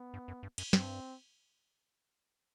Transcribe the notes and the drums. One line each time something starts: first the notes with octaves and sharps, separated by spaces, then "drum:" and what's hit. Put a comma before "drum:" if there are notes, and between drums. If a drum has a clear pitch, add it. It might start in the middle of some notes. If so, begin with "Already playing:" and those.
Already playing: B3
G2
F#2
G2
F#2, drum: cymbal
G2 C4, drum: snare